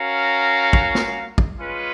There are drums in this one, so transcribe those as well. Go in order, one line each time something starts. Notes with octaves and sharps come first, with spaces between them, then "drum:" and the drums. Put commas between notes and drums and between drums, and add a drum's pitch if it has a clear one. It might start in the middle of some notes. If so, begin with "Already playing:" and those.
Already playing: C#4 F#4 A#4 F5
drum: kick
drum: snare
drum: kick
G#3 C#4 F4 B4